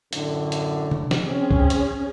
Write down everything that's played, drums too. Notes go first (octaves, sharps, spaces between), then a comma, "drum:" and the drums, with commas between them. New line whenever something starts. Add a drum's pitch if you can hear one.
F#2 A2 D3, drum: hi-hat
drum: hi-hat
drum: tom C3
drum: snare
C4 C#4 G#4
drum: kick C2
drum: hi-hat